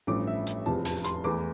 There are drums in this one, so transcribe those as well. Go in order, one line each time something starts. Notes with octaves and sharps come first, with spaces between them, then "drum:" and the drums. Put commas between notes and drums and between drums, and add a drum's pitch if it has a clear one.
A1 G2 F3 A3 D6
E5
drum: hi-hat
F1 E2 C3 F3 A5
A5, drum: open hi-hat
C6, drum: hi-hat
E2 E3 A3 D6